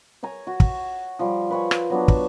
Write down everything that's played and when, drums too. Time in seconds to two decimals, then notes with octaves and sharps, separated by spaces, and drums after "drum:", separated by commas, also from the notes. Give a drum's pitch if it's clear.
0.23 C#5 G#5 A#5
0.47 F#4
0.60 drum: kick
1.19 F3 G3
1.50 B4 C#5 G#5
1.71 drum: rim click
1.90 F#3 B3 D4
2.08 drum: kick